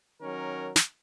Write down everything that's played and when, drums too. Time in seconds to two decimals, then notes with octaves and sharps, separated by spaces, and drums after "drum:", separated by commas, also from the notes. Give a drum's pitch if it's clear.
0.21 D#3 F#3 C#4 A#4
0.76 drum: snare